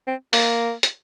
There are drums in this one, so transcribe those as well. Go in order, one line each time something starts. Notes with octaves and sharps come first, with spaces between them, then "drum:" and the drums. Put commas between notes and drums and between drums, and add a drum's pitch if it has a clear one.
C4
A#3, drum: open hi-hat
drum: hi-hat